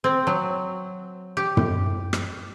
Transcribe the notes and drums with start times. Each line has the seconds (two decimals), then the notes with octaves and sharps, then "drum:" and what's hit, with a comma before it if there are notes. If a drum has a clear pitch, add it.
0.04 C4
0.27 F#3
1.37 G4
1.57 drum: tom
2.13 drum: rim click